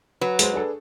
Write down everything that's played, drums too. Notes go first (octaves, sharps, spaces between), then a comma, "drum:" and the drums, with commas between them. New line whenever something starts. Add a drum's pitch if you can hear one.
F#3 B4
G#3 C5, drum: hi-hat
D4 G#4 A4